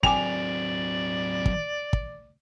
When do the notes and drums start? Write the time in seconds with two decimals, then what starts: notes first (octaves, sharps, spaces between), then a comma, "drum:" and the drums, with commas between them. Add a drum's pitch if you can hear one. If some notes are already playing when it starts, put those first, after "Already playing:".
0.03 F#3 C4 D5 G5 G#5 D6 F7, drum: kick
1.46 drum: kick
1.93 drum: kick